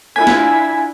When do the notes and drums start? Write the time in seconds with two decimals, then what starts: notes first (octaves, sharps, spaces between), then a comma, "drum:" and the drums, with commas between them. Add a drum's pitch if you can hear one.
0.16 D4 E4 F4 G#5 G#6 B6
0.27 drum: snare